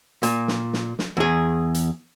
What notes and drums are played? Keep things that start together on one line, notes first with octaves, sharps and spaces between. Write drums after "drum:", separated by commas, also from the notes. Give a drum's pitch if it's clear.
A#2, drum: hi-hat
drum: snare
drum: snare
drum: snare
E2 G#4
drum: hi-hat